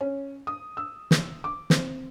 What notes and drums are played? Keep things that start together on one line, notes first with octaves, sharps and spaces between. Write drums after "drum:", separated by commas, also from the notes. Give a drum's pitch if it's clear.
C#4
D#6
E6
drum: snare
D6
C4, drum: snare